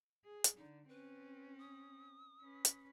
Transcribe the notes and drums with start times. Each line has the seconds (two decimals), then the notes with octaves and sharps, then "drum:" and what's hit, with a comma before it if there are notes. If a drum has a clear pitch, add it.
0.25 G#4
0.44 drum: hi-hat
0.57 D3 D#4
0.88 C4 C#4 B4
1.58 D#6
2.42 C#4 B4
2.65 drum: hi-hat